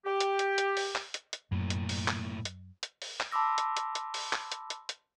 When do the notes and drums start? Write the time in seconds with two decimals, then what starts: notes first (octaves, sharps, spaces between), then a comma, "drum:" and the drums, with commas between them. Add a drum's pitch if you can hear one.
0.06 G4
0.20 drum: hi-hat
0.39 drum: hi-hat
0.58 drum: hi-hat
0.77 drum: open hi-hat
0.95 drum: clap
1.14 drum: hi-hat
1.33 drum: hi-hat
1.52 F#2 A2 A#3
1.70 drum: hi-hat
1.89 drum: open hi-hat
2.08 drum: clap
2.45 drum: hi-hat
2.83 drum: hi-hat
3.02 drum: open hi-hat
3.20 drum: clap
3.32 A5 B5 C6 D6 E6 A#6
3.58 drum: hi-hat
3.77 drum: hi-hat
3.95 drum: hi-hat
4.14 drum: open hi-hat
4.33 drum: clap
4.52 drum: hi-hat
4.70 drum: hi-hat
4.89 drum: hi-hat